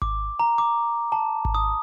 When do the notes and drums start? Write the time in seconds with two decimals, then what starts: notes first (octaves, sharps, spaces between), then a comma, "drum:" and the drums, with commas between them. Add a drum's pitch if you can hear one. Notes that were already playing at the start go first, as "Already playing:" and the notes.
0.02 D6, drum: kick G#1
0.39 A#5
0.58 D6
1.12 A5
1.45 drum: kick G#1
1.55 D#6